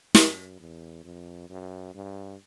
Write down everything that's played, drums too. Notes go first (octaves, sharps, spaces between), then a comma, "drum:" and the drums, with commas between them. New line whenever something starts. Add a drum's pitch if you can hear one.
F#2, drum: snare
E2
F2
F#2
G2